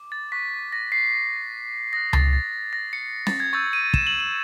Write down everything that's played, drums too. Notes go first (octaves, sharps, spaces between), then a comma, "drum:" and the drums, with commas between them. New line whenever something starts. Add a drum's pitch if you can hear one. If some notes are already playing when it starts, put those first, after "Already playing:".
Already playing: D6
A6
C#6 F#6 B6
A#6
C7
D#6 F#6 A#6
A6, drum: tom C#2
A6
A#6
C#7
A6, drum: snare
G#6
C#6 E6 G6 A6
D#7
E7, drum: kick
F#7
F#7